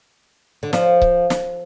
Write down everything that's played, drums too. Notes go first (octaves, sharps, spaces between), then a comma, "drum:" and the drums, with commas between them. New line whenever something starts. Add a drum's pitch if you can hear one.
D3
F3, drum: snare
drum: kick C#1
drum: snare